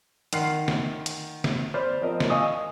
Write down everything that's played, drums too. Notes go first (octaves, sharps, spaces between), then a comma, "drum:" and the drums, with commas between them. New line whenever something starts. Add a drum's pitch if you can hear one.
D#3 F#5 C6 F6 C7, drum: hi-hat
drum: snare
drum: hi-hat
drum: snare
C5 D5 B5 F6
F3 C4 A#4 D#5
drum: snare
D#5 F5 G#5 C#6 D#6 E6